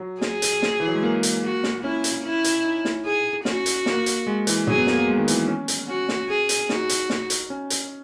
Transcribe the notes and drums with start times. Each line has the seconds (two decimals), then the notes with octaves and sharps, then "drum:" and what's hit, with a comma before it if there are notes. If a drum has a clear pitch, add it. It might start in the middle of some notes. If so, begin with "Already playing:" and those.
Already playing: F#3
0.21 G#4, drum: snare
0.42 drum: hi-hat
0.62 drum: snare
0.80 E3
0.87 F#3
0.95 G#3
1.03 A#3
1.23 drum: hi-hat
1.44 F#4
1.63 drum: snare
1.83 C#4 E4
2.04 drum: hi-hat
2.24 E4
2.44 drum: hi-hat
2.65 D#4
2.85 drum: snare
3.05 G#4
3.45 C#4 F#4, drum: snare
3.66 drum: hi-hat
3.86 A#3, drum: snare
4.06 drum: hi-hat
4.27 G#3
4.47 E3, drum: hi-hat
4.67 F#3 G#4, drum: tom
4.77 B3
4.87 A#3, drum: snare
4.97 A#3
5.08 G#3
5.17 D#3
5.28 E3, drum: hi-hat
5.48 C#4
5.68 drum: hi-hat
5.88 C#4 F#4
6.09 drum: snare
6.29 G#4
6.49 drum: hi-hat
6.69 D#4 F#4, drum: snare
6.89 drum: hi-hat
7.10 drum: snare
7.30 drum: hi-hat
7.50 C#4
7.70 drum: hi-hat